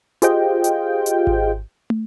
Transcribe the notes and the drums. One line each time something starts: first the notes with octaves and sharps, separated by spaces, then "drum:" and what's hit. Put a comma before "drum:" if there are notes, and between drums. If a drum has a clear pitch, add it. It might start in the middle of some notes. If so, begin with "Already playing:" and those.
F4 G4 G#4 C5 D#5 G5, drum: hi-hat
drum: hi-hat
drum: hi-hat
drum: kick G#1
drum: tom